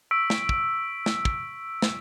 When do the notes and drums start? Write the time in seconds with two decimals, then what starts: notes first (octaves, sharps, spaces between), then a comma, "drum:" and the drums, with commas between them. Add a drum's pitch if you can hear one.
0.11 C#6 E6 B6 D7
0.30 drum: snare
0.49 drum: kick
1.06 drum: snare
1.25 drum: kick
1.82 drum: snare